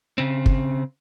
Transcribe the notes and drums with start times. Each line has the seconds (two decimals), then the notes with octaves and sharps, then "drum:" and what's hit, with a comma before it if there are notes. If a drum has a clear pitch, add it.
0.18 C#3 C4
0.46 drum: kick